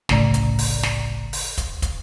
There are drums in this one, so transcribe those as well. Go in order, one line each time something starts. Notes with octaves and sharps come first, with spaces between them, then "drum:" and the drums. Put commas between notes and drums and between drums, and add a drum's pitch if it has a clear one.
G1 C2 A2 C#3 D5 A#5, drum: snare
drum: hi-hat
drum: open hi-hat
drum: snare
drum: open hi-hat
drum: kick, hi-hat
drum: kick, hi-hat